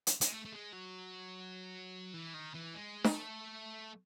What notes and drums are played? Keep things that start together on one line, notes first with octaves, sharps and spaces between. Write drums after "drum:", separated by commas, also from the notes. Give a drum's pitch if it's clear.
drum: hi-hat
G#3, drum: hi-hat
A3
A3
G#3
F#3
E3
D#3
E3
G#3
A3, drum: snare